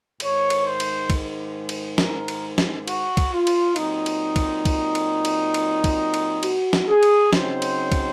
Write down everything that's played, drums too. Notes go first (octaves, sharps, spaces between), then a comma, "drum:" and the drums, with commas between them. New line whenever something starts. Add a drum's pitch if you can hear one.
G#2 D#3 G#3 C#5, drum: cymbal
drum: cymbal
C5
drum: cymbal
drum: kick, cymbal
drum: cymbal
A#4, drum: snare
drum: cymbal
drum: snare
F#4, drum: cymbal
drum: kick, cymbal
F4
drum: cymbal
A#2 F#3 C4 D#4, drum: cymbal
drum: cymbal
drum: kick, cymbal
drum: kick, cymbal
drum: cymbal
drum: cymbal
drum: cymbal
drum: kick, cymbal
drum: cymbal
F#4, drum: cymbal
drum: snare
G#4
drum: cymbal
C#3 F#3 C4 D#4 C5, drum: snare
drum: cymbal
drum: kick, cymbal